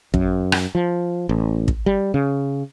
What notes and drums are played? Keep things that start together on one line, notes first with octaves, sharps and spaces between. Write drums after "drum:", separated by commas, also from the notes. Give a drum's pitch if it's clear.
F#2, drum: kick
drum: rim click
F3
A1
drum: kick
G3
C#3